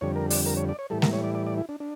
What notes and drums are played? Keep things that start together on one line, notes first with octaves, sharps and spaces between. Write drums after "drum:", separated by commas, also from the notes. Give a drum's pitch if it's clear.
F2 D3 G3 C#5
A#4
D5, drum: open hi-hat
A#4
C#5
D5
C#5
A2 E3 G3 A4
A#4, drum: snare G#3
C#5
D5
D5
D5
E4
D4
D4